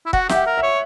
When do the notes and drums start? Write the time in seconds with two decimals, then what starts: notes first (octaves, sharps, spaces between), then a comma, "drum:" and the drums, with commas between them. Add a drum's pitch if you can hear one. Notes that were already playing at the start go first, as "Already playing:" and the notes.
0.06 E4
0.13 F#4 F#5, drum: kick
0.29 G4 E5, drum: snare
0.35 F#5
0.46 A#4
0.58 E5
0.63 C#5